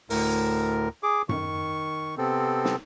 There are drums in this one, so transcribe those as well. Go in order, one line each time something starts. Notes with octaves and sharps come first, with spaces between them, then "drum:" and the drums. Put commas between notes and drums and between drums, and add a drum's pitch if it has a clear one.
D2 A2 A#4, drum: open hi-hat
G#4 D6
D#3 C#6, drum: tom F#2
C3 B3 C4 A4
drum: snare